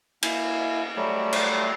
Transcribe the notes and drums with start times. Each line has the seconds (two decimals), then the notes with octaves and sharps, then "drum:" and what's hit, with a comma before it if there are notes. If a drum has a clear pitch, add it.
0.23 A#3 E4 G#5, drum: cymbal
0.96 F#3 G3 A3 G4
1.33 drum: cymbal